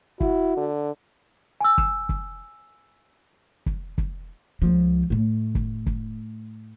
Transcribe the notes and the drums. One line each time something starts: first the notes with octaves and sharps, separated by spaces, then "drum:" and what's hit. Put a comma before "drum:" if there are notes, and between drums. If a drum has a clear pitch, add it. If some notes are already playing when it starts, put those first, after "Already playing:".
E4 F#4, drum: kick
D3
G#5 E6
drum: kick
drum: kick
drum: kick
drum: kick
C#2 F3
A2 A3
drum: kick
drum: kick